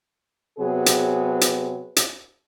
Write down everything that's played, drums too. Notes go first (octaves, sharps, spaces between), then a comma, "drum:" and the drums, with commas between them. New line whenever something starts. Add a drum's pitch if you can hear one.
C3 F#3 B3 G#4
drum: hi-hat
drum: hi-hat
drum: hi-hat